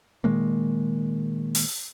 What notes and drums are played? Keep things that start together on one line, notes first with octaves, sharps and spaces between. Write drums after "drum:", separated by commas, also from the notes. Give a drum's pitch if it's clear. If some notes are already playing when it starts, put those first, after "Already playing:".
A#2 D#3 G#3 A#3
drum: open hi-hat